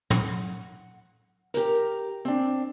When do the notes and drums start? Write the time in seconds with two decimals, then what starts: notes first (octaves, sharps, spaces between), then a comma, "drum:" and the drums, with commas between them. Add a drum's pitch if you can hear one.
0.10 F#5, drum: tom
1.54 G4 A#4, drum: hi-hat
2.25 C4 D4